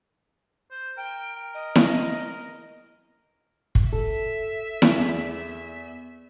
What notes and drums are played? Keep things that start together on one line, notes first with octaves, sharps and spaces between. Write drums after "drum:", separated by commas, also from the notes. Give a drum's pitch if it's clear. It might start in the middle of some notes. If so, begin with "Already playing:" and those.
C5
A#4 G5
D#5
drum: snare E4
drum: kick
A4 E5
drum: snare E4
E2